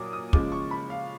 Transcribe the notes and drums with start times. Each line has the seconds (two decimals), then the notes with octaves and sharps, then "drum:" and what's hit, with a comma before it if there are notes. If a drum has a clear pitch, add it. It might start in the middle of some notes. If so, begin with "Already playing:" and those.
Already playing: A#2 F#3 D6 D#6
0.13 D#6
0.33 C#3 F3 G#3 D6, drum: kick
0.52 C#6
0.71 B5
0.90 F5